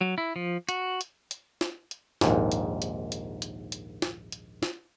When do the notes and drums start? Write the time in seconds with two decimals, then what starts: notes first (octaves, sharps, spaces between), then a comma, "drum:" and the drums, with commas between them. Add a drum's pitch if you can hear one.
0.01 F#3
0.18 E4
0.36 F3
0.69 F#4, drum: hi-hat
1.01 drum: hi-hat
1.31 drum: hi-hat
1.61 drum: snare
1.91 drum: hi-hat
2.21 A#1 D#2 G#2, drum: snare
2.52 drum: hi-hat
2.82 drum: hi-hat
3.12 drum: hi-hat
3.42 drum: hi-hat
3.72 drum: hi-hat
4.02 drum: snare
4.32 drum: hi-hat
4.63 drum: snare